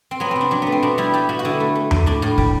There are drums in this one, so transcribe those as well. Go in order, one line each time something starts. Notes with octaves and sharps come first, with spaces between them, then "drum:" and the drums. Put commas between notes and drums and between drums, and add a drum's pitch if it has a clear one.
C4
F#3 B3
C3 C4
D4
F#3 D4
A3 B3
C4
B2 D4
G3 E4
G3 G4
B2 F#4
F#4
D3 E4
A3
A3
D3, drum: tom E2
A2 D4
A2
G3, drum: kick